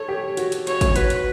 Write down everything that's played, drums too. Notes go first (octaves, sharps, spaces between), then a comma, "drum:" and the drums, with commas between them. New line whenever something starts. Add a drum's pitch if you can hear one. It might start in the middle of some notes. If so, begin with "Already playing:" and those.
Already playing: A4 C#5
G4
F#4, drum: hi-hat
drum: hi-hat
C#5, drum: hi-hat
drum: kick, hi-hat
F#4 B4, drum: hi-hat
drum: hi-hat